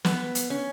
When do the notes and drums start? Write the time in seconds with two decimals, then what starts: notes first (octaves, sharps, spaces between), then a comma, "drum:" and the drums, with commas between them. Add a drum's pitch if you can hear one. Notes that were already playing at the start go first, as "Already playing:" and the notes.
0.05 B3, drum: snare
0.35 drum: hi-hat
0.50 C#4